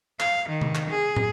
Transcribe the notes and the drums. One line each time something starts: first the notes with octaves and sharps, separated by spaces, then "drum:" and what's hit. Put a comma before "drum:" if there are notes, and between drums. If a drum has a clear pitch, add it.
F5, drum: clap
D#3
drum: tom C3
drum: clap
G#4
drum: tom